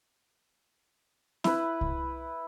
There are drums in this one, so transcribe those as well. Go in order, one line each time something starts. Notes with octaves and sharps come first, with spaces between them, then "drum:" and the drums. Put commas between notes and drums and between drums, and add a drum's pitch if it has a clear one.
E4 B4, drum: snare
drum: kick C2